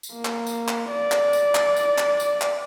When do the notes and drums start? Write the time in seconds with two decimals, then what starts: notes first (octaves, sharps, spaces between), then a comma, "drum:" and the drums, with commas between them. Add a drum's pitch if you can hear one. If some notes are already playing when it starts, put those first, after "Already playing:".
0.03 drum: tambourine
0.13 A#3
0.25 drum: clap
0.47 drum: tambourine
0.68 drum: clap
0.90 D5
1.12 drum: clap
1.33 drum: tambourine
1.55 drum: clap
1.76 drum: tambourine
1.98 drum: clap
2.20 drum: tambourine
2.41 drum: clap